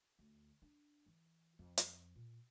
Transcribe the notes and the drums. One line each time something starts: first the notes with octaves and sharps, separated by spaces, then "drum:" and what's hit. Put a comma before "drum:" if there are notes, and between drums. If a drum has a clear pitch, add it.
D2
D4
E3
F2
drum: hi-hat
A#2